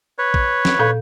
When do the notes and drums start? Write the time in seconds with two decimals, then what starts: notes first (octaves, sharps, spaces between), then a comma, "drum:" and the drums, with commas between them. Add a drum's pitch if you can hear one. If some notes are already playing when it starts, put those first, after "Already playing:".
0.19 B4 C#5
0.34 drum: kick
0.65 drum: snare
0.79 A#2 A4 F5